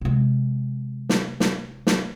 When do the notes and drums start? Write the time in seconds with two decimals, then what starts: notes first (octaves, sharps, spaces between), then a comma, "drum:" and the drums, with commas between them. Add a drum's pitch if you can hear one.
0.01 C3 G#3
1.09 drum: snare
1.40 drum: snare
1.87 drum: snare